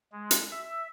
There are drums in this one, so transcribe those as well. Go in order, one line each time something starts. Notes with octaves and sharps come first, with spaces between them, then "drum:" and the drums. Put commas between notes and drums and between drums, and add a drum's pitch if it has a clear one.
G#3
drum: hi-hat
E5